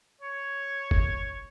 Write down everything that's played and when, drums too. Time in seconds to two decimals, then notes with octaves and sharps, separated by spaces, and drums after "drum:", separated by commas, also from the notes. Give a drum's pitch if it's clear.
0.22 C#5
0.91 drum: kick